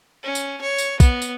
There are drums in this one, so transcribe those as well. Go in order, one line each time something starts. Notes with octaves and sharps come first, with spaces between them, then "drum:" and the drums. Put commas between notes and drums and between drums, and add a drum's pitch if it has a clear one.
C#4
drum: tambourine
C#5
drum: tambourine
B3, drum: kick, tambourine
drum: tambourine